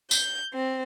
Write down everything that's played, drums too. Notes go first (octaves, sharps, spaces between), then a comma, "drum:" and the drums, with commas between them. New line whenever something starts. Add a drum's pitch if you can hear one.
G6, drum: tambourine
C4